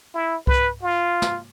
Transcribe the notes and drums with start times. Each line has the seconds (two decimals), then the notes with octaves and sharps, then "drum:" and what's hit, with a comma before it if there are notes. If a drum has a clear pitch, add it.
0.15 E4
0.47 B4, drum: kick C2
0.83 F4
1.22 drum: snare